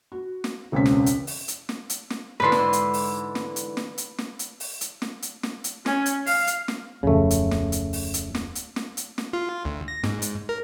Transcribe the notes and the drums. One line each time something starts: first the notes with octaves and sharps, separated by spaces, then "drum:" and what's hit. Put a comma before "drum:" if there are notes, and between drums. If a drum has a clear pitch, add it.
F#4
drum: snare
E1 C#2 C4 C#4 B6
drum: snare
drum: hi-hat
drum: open hi-hat
drum: hi-hat
drum: snare
drum: hi-hat
drum: snare
G#2 D3 E3 B4 C6
drum: snare
drum: hi-hat
drum: open hi-hat
drum: snare
drum: hi-hat
drum: snare
drum: hi-hat
drum: snare
drum: hi-hat
drum: open hi-hat
drum: hi-hat
drum: snare
drum: hi-hat
drum: snare
drum: hi-hat
C#4, drum: snare
drum: hi-hat
F5, drum: open hi-hat
drum: hi-hat
drum: snare
D1 F2 C#3 A3
drum: hi-hat
drum: snare
drum: hi-hat
drum: open hi-hat
drum: hi-hat
drum: snare
drum: hi-hat
drum: snare
drum: hi-hat
drum: snare
F4
D2
A#6
G#2, drum: snare
drum: hi-hat
A#4